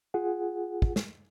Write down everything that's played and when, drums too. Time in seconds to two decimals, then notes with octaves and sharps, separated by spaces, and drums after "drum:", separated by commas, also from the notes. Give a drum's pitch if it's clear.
0.14 F4 G#4 F#5
0.82 drum: kick
0.96 drum: snare